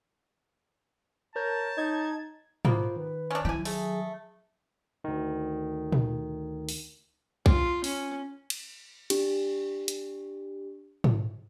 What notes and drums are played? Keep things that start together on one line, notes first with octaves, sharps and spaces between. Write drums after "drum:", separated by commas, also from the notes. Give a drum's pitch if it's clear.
A#4 C#5 A5 A#5 G6
D#4 G#6
A#3 B3 F4 C5, drum: tom
D#3 B4
C#4 D4
F#3 E4 G4 G#5
A3 G#4, drum: open hi-hat
D2 D#3
drum: tom A#2
drum: open hi-hat
F4, drum: kick
C#4, drum: open hi-hat
drum: cymbal
D4 G4, drum: cymbal
drum: hi-hat
drum: tom